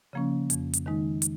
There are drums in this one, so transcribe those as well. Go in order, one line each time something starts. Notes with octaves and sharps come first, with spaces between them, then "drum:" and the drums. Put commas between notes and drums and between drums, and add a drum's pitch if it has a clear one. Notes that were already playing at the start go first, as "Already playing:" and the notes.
C#3 F3 A#3 C#4
F2, drum: hi-hat
drum: hi-hat
D#3 G#3 D#4
drum: hi-hat